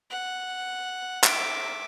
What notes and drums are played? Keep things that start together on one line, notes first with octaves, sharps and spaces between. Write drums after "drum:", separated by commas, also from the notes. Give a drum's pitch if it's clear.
F#5
E5 D6, drum: clap